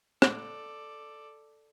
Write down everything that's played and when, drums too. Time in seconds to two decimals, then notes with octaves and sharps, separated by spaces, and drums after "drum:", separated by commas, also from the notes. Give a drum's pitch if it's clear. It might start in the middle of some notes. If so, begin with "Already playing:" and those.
0.22 A4 D5, drum: rim click